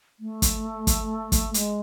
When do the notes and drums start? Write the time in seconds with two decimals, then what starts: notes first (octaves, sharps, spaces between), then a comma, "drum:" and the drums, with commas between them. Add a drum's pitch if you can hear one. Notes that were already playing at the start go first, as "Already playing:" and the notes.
0.19 A3
0.42 drum: kick, hi-hat
0.87 drum: kick, hi-hat
1.32 drum: kick, hi-hat
1.54 G#3, drum: hi-hat